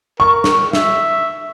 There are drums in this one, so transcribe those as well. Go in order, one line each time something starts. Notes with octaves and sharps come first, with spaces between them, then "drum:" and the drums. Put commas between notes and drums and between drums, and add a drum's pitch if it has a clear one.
A#4 C#6
drum: snare
E5, drum: snare